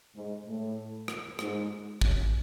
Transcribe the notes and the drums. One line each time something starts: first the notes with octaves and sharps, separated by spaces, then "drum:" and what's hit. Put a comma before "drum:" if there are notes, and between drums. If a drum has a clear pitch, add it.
G#2
A2
drum: rim click
G#2, drum: rim click
F#2, drum: kick